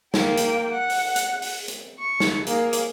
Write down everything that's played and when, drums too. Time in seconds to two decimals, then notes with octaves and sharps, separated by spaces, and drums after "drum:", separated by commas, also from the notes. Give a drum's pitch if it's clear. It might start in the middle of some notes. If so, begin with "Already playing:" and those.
0.14 A#3 G5, drum: snare
0.37 drum: hi-hat
0.72 F#5
0.90 drum: open hi-hat
1.16 drum: hi-hat
1.42 drum: open hi-hat
1.68 drum: hi-hat
1.98 C#6
2.20 drum: snare
2.47 A#3 G#4, drum: hi-hat
2.73 drum: hi-hat